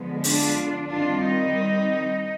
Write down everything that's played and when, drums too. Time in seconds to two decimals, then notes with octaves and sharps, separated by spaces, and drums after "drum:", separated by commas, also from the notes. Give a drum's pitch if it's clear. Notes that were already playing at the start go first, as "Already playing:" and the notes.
Already playing: D3 F3 G#3 B3
0.24 D4 F4, drum: open hi-hat
0.91 D#3 G3 C4 D4 F4
1.25 D#4